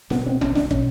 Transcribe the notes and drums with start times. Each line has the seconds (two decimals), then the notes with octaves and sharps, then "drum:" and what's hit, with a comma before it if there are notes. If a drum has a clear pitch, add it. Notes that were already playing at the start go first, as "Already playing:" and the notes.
0.10 B2 B3, drum: snare
0.26 C4
0.41 C#4, drum: tom
0.55 D4, drum: snare
0.71 B2 C#4, drum: kick